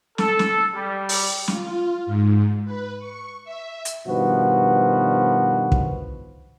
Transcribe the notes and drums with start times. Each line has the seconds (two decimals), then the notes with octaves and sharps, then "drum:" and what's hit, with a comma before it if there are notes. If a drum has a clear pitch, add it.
0.18 A4, drum: snare
0.39 drum: snare
0.73 G3
1.09 drum: open hi-hat
1.48 F4, drum: snare
2.06 G#2
2.65 B4
2.99 C#6
3.44 E5
3.85 drum: hi-hat
4.08 G2 B2 D#3 F3 F#4 B4
5.72 drum: kick